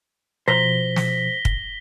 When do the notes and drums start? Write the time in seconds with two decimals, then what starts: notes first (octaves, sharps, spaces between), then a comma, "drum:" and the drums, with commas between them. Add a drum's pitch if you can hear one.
0.48 B2 F3 C5 A#5 A#6 B6 G7
0.96 drum: snare
1.45 drum: kick